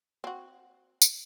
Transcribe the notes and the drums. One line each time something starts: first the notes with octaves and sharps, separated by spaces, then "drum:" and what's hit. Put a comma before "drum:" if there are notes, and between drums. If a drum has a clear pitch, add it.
C4 F#4
drum: tambourine